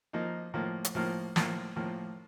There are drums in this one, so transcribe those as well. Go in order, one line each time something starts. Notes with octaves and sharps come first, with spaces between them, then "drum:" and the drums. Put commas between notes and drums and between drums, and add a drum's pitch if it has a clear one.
F3 A#3 D#4
A2 F3 A#3
drum: hi-hat
A2 F3 A#3
A2 F3 A#3, drum: snare
A2 F3 A#3